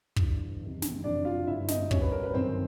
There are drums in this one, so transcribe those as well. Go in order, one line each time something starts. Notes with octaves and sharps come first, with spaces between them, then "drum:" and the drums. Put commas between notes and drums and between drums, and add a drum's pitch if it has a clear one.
G1 G2 E3, drum: kick
F#1 E2 C3 D#3
drum: snare
F#1 F2 C3 D4 D5
F4 F5
G1 G2 D3 E4 E5
D#4 D#5, drum: snare
C2 B2 C#4 C#5, drum: kick
B4
A#4
B4
G1 F#2 D#3 C4 C5